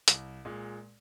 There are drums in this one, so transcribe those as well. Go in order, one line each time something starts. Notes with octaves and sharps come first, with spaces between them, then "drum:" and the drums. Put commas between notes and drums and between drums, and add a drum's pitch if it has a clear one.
C2, drum: hi-hat
A#2 G#3